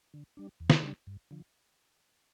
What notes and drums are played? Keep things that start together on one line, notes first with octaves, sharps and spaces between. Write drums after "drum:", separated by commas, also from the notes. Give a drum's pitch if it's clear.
D3
G3 D4
E2
drum: snare
C#3 G3 D4
G2
D3 F3